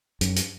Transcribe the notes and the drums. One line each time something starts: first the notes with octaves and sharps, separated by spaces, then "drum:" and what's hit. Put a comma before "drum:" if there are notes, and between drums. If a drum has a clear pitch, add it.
F#2, drum: hi-hat
drum: hi-hat